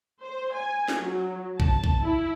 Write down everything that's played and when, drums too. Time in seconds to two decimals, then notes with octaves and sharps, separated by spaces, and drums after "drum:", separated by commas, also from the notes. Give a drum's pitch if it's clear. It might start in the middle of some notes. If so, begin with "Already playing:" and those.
0.22 C5
0.52 G#5
0.88 drum: snare
0.99 F#3
1.60 A5, drum: kick A#1
1.84 drum: kick A#1
2.02 E4